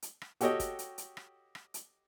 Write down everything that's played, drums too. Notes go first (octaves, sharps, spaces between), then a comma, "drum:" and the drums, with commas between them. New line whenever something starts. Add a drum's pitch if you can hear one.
drum: hi-hat
drum: rim click
F#4 G4 A4 C#5 D#5 G5, drum: hi-hat
drum: kick, hi-hat
drum: hi-hat
drum: hi-hat
drum: rim click
drum: rim click
drum: hi-hat